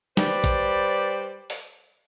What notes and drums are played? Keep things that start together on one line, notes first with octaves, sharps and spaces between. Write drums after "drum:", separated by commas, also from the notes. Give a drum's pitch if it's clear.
G3 B4 C5 D5, drum: snare
drum: kick A1, hi-hat
drum: open hi-hat